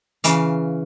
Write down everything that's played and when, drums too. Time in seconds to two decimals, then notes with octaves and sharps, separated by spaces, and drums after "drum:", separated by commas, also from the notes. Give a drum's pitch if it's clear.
0.24 C#3 E3 F5, drum: hi-hat